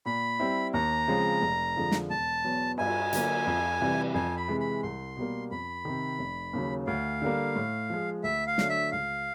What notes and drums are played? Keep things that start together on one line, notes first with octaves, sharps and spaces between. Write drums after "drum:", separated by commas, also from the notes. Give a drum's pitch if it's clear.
A#2 B5
G3 C4 E4
D#2 A#5
C#3 F3 G#3 C4
F1
F2 D3 F3 G#3
drum: snare
E1 A5
E2 B2 F#3 B3
G2 G#5, drum: cymbal
D3 F#3 A#3, drum: hi-hat
F2
C3 E3 G3
F2 G#5
B5
C3 E3 G#3
B5
C2 C6
B2 G3 A#3
F2 B5
C3 D#3
F1
D#2 C#3 F#3
D2 F5
D3 G3 A#3
A2
F3 G#3
D2 E5
F5
D3 F#3 A3 D4, drum: snare
E5
C#2 F5